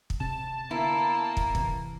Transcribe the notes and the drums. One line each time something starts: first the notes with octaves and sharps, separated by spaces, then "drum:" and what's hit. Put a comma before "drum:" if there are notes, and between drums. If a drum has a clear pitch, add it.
drum: kick
C3 A5
D3 A#3 B3 E4
drum: kick
C3 E3, drum: kick